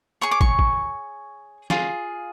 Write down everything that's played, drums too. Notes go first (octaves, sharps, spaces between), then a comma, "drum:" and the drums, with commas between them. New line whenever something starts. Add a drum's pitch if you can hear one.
G#4 C#5 C#6
D6
C#6, drum: kick
drum: kick
F4 G#4, drum: snare